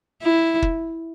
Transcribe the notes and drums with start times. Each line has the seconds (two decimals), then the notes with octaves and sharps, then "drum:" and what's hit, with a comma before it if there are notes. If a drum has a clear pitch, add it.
0.22 E4
0.62 drum: kick